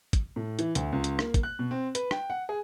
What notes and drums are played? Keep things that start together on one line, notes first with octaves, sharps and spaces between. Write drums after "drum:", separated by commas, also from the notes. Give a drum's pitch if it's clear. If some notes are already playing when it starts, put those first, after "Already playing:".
drum: kick, hi-hat
A2
E3, drum: hi-hat
D2, drum: hi-hat
C#2
drum: hi-hat
A#3, drum: rim click
drum: kick, hi-hat
F#6
B2
C4
B4, drum: hi-hat
G5, drum: rim click
F#5
G#4